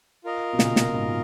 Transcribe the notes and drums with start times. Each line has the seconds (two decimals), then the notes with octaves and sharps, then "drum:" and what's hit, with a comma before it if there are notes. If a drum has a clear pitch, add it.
0.24 F4 A#4 D#5
0.53 B2
0.59 A#2 C#3, drum: snare
0.76 drum: snare
0.94 G#2 B2